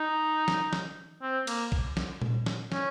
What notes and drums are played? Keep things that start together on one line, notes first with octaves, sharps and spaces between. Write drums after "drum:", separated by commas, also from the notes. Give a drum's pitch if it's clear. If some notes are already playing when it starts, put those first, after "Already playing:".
Already playing: D#4
drum: snare
drum: snare
C4
A#3, drum: cymbal
drum: kick A#1
drum: snare
drum: tom A#2
drum: snare
C#4, drum: snare